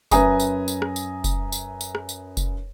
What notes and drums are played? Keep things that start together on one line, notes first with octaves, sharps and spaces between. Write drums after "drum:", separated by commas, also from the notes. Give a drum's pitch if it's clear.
F#2 B4 E5 G#5 A#5 D#6, drum: kick F1, tambourine
drum: tambourine
drum: tambourine
drum: rim click
drum: tambourine
drum: kick F1, tambourine
drum: tambourine
drum: tambourine
drum: rim click
drum: tambourine
drum: kick F1, tambourine